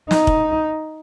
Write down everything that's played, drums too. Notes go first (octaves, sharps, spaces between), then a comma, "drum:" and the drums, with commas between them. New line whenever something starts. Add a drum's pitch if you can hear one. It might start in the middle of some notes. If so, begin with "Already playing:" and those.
D#4, drum: snare
drum: kick